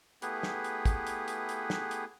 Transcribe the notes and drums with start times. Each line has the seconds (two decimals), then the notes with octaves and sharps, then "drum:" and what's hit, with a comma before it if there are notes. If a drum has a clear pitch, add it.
0.22 A3 B3 E4 G4 G#4 B4, drum: hi-hat
0.43 drum: snare
0.64 drum: hi-hat
0.85 drum: kick, hi-hat
1.07 drum: hi-hat
1.28 drum: hi-hat
1.49 drum: hi-hat
1.70 drum: snare
1.91 drum: hi-hat